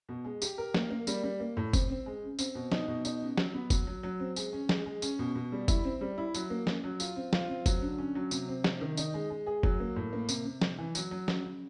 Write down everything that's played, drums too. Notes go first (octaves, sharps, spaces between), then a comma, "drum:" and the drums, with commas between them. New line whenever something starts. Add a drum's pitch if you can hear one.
B2
G#3
G4, drum: tambourine
A#4
A#3, drum: snare
A#3
G3, drum: tambourine
G3
A#3
A2
C4, drum: kick, tambourine
C4
G#3
C#3
C4, drum: tambourine
B2
D#4, drum: snare
B2
D#4, drum: tambourine
C#3
F#3, drum: snare
B3
F#3, drum: kick, tambourine
F#3
F#3
C4
G#3, drum: tambourine
C#4
G#3, drum: snare
G#3
C#4, drum: tambourine
B2
B2
G3
E4, drum: kick, tambourine
C4
G3
E4
F#3, drum: tambourine
A#3
C#4, drum: snare
F#3
F4, drum: tambourine
C4
F4, drum: snare
C4
F#3, drum: kick, tambourine
D3
C#4
F#3
C3, drum: tambourine
C4
C3, drum: snare
D#3
D#4, drum: tambourine
G#3
G#3
G#4
F#3, drum: kick
A#3
A2
A#3
C3, drum: tambourine
C3
C3, drum: snare
E3
F#3, drum: tambourine
F#3
C#3, drum: snare
C#3